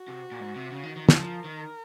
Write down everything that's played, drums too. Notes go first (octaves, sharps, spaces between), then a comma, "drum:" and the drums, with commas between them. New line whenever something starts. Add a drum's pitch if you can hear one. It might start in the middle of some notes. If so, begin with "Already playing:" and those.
Already playing: F#4
C3
A#2
G#2
C3
C#3
D#3
D#3
F3, drum: snare
F3 A#4
D#3